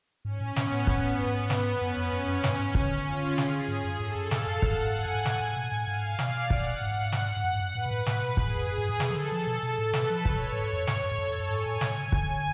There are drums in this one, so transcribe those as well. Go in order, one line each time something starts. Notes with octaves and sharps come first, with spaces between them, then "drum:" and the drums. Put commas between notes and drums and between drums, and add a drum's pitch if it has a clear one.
G#2 C#4
A2
A2 B3, drum: snare
A2
B3, drum: kick
G#2 B3
drum: snare
F#2 C#4
F2
F#2
F#2
G#2, drum: snare
G#2
C#3, drum: kick
D3
F4
G#4, drum: snare
G#2 G#4
F#2
G#2 A4
F#2
A2 F5, drum: snare
F#2
G#2 F#5, drum: kick
G#5
F#2
G#2
A2 G#5, drum: snare
A2
B2
A2
G#2 F5
B2 D5, drum: snare
F#5, drum: kick
G#2
F#5, drum: snare
G#2
F#2
G#2
F#2
A2 B4
B2
A2
A2, drum: snare
B2
A2 G#4, drum: kick
F2
F#2
G#2
A2
B2 A4, drum: snare
F3
D3
F3
B2
B2
A2
B2 B4, drum: snare
F3
D3 C#5, drum: kick
C#3
B2
A2
G#2
F2
G#2, drum: snare
F#2
G#2
F#2 A4
F2
F#2
G#2 G#5
A2
A2 G#5, drum: snare
C#3
C#3
D3, drum: kick